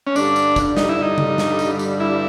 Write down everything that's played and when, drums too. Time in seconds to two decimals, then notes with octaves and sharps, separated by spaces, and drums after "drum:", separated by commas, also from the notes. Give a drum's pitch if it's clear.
0.07 C#4
0.16 G2 D3 G3 D4, drum: tambourine
0.36 drum: tambourine
0.56 drum: kick, tambourine
0.77 D#4, drum: snare
0.89 E4
1.02 D#4
1.18 drum: tom C#3
1.38 drum: snare
1.59 drum: tambourine
1.79 drum: tambourine
2.00 E4